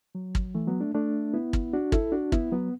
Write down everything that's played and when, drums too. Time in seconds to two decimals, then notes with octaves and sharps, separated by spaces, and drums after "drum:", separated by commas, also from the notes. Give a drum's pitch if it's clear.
0.15 F#3
0.35 drum: kick
0.54 E3 A3
0.67 F#3 B3
0.81 A3 D4
0.94 A3 D4
1.34 B3 E4
1.53 drum: kick
1.73 D4 F#4
1.92 E4 A4, drum: kick
2.12 D4 F#4
2.32 B3 E4, drum: kick
2.52 F#3 B3